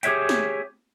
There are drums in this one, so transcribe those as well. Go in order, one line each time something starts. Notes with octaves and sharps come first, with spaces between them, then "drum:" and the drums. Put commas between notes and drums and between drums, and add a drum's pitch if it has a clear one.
G4 G#4 C5 C#5 E5 G5, drum: hi-hat
drum: snare